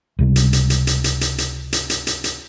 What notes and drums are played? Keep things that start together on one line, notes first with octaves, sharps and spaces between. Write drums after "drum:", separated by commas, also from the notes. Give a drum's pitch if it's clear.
C#2 C3 G3
drum: hi-hat
drum: hi-hat
drum: hi-hat
drum: hi-hat
drum: hi-hat
drum: hi-hat
drum: hi-hat
drum: hi-hat
drum: hi-hat
drum: hi-hat
drum: hi-hat